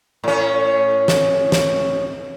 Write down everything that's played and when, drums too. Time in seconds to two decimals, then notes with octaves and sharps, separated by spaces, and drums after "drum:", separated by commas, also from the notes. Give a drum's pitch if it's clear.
0.24 A2 C#4
1.08 drum: snare
1.52 drum: snare